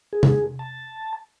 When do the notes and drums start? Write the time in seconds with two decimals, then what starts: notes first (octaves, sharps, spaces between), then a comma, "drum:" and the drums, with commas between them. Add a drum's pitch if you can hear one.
0.13 G#4
0.23 drum: tom C3
0.59 A5